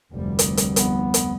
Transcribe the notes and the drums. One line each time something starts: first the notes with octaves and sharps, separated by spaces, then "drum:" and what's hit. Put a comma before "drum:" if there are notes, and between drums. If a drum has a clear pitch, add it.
F1 D2 G3
drum: hi-hat
drum: hi-hat
B3, drum: hi-hat
drum: hi-hat